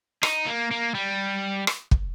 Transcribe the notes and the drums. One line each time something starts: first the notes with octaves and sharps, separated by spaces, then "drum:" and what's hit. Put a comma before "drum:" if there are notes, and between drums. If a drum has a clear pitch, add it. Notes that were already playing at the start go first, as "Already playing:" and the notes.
D#4, drum: rim click
A#3
A#3
G3
drum: rim click
drum: kick